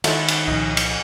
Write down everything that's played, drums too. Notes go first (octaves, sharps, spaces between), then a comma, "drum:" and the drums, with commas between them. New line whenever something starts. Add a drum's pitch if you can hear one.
D#3 G#3 E4 F#4 A4 C5, drum: cymbal
drum: cymbal
C2 A#2 F3 D#4
drum: cymbal